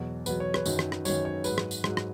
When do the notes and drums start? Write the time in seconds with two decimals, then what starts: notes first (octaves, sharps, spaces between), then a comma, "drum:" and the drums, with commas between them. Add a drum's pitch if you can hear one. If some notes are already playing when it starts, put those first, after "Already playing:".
Already playing: E2 B2 F#3
0.26 E2 B2 F#3 B4, drum: tambourine
0.40 C#5
0.54 B4, drum: rim click
0.66 F#2 D#3 F#3, drum: tambourine
0.79 drum: rim click
0.92 drum: rim click
1.05 F#2 D#3 F#3 C#5, drum: tambourine
1.25 C#5
1.44 G#2 F#3 B4, drum: tambourine
1.58 drum: rim click
1.71 drum: tambourine
1.84 G#2 F#3, drum: rim click
1.97 drum: rim click